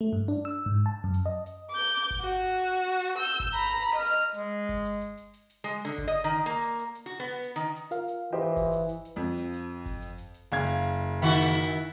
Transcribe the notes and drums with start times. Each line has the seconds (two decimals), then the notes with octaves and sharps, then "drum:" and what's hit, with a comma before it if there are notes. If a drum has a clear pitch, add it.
0.01 A3
0.13 G2
0.28 D4
0.45 E6
0.66 G#2
0.86 A5
1.04 F#2
1.14 drum: hi-hat
1.26 D#5
1.46 drum: hi-hat
1.71 D6 G6
2.11 drum: kick G1, open hi-hat
2.21 F#4
2.59 drum: hi-hat
2.75 drum: hi-hat
2.91 drum: hi-hat
3.07 drum: hi-hat
3.18 E6 G6
3.40 drum: kick G1, open hi-hat
3.54 A#5 B5, drum: hi-hat
3.72 drum: hi-hat
3.95 D#5 F6
4.04 drum: hi-hat
4.20 drum: hi-hat
4.34 G#3, drum: hi-hat
4.69 drum: kick G1, open hi-hat
4.85 drum: hi-hat
5.01 drum: hi-hat
5.17 drum: hi-hat
5.34 drum: hi-hat
5.50 drum: hi-hat
5.64 G#3, drum: hi-hat
5.85 D3
5.98 drum: kick G1, open hi-hat
6.08 D#5
6.24 D#3
6.46 A#3, drum: hi-hat
6.63 drum: hi-hat
6.79 drum: hi-hat
6.95 drum: hi-hat
7.06 F#4
7.20 B3
7.43 drum: hi-hat
7.56 D#3
7.76 drum: hi-hat
7.91 F4 A#4 F5, drum: hi-hat
8.08 drum: hi-hat
8.32 E3 G4 C5 D#5
8.56 drum: kick G1, open hi-hat
8.73 drum: hi-hat
8.89 drum: hi-hat
9.05 drum: hi-hat
9.16 F2
9.37 drum: hi-hat
9.53 drum: hi-hat
9.86 drum: kick G1, open hi-hat
10.02 drum: hi-hat
10.18 drum: hi-hat
10.34 drum: hi-hat
10.52 F#1 F5 G#6, drum: hi-hat
10.66 drum: hi-hat
10.83 drum: hi-hat
11.22 D#3 E4 F#4
11.47 drum: hi-hat
11.63 drum: hi-hat